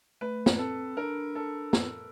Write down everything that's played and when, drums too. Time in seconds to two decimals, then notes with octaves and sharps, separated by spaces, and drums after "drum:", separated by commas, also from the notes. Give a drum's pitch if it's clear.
0.21 A3 B4
0.46 drum: snare
0.59 C4 A4
0.97 D4 A#4
1.35 A4
1.73 drum: snare